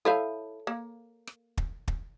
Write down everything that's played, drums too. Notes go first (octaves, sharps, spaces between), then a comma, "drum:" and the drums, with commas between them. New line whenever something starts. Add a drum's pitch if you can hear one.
E4 A4 C#5 E5 F5 A5
A#3
drum: rim click
drum: kick
drum: kick